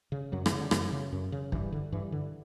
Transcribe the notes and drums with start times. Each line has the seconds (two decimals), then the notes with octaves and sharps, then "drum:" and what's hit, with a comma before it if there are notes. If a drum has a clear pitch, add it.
0.12 C#3
0.32 F#2 F#3
0.46 E3, drum: rim click
0.52 C#3
0.59 D3
0.71 F#2 E3, drum: rim click
0.92 C#3
1.12 F#2
1.32 C#3
1.52 G2 E3, drum: kick
1.72 D3
1.92 G2 E3
2.12 D3